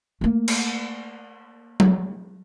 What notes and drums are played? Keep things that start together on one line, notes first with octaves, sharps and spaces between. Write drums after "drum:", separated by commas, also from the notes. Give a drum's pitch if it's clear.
A3 A#3
drum: cymbal
drum: tom F#3